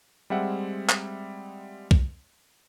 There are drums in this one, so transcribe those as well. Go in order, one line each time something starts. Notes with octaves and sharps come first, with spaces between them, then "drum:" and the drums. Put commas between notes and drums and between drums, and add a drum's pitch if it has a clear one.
G3 G#3 C4 G#4 E5 F#5
drum: clap
drum: kick B1